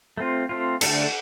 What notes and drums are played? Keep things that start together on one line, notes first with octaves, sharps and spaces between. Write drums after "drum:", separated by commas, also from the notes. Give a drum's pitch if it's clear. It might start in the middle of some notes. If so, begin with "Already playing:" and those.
A3 C4 F4
A3 C4 F4
D3 A3 D4 A4, drum: cymbal